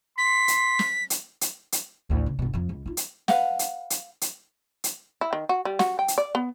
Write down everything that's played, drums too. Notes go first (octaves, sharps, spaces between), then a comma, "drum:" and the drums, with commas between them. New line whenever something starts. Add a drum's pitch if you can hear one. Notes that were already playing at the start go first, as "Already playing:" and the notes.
C6 B6
drum: hi-hat
drum: snare
drum: hi-hat
drum: hi-hat
drum: hi-hat
A1 D2
C#3
G1 B2
F2 F3
C#2
D#4 F4
drum: hi-hat
B4 F5 F#5, drum: snare
drum: hi-hat
drum: hi-hat
drum: hi-hat
drum: hi-hat
E4
D#3
F#4
G3
F#4, drum: snare
G5
drum: hi-hat
D5
B3